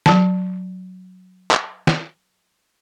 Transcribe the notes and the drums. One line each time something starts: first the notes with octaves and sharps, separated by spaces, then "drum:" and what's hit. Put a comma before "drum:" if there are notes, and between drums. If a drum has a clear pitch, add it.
F#3 A5, drum: snare
drum: clap
drum: snare